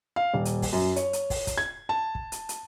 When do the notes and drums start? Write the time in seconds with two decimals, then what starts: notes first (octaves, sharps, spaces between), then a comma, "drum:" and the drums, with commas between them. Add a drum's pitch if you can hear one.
0.16 F5
0.34 D#1
0.45 drum: hi-hat
0.62 drum: kick, open hi-hat
0.73 F#2
0.96 C#5, drum: hi-hat
1.13 drum: hi-hat
1.30 drum: kick, open hi-hat
1.47 drum: kick, hi-hat
1.58 G#6
1.89 A5
2.15 drum: kick
2.32 drum: hi-hat
2.49 drum: hi-hat